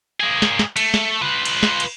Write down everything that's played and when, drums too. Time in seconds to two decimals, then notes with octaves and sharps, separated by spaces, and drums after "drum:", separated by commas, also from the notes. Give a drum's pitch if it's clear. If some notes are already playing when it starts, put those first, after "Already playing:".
0.20 A#3 G#4
0.42 drum: snare
0.59 drum: snare
0.77 A3, drum: cymbal
0.94 drum: snare
1.21 F4 B4
1.45 drum: cymbal
1.63 drum: snare
1.80 drum: cymbal